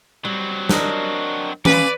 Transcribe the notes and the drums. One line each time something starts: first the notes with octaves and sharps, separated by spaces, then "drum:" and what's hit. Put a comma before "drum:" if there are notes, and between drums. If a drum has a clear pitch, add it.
F#3 G3 C4
D4 A#4 D#5, drum: snare
C#4 B4 D5 F5, drum: tom E3